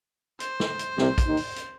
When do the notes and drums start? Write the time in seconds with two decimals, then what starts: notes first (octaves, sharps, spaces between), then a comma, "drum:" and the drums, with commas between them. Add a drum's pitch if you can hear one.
0.40 C5, drum: hi-hat
0.60 drum: snare
0.79 drum: hi-hat
0.98 C2 C3, drum: snare
1.18 drum: kick, hi-hat
1.27 D#2 D#3
1.37 drum: open hi-hat
1.56 drum: hi-hat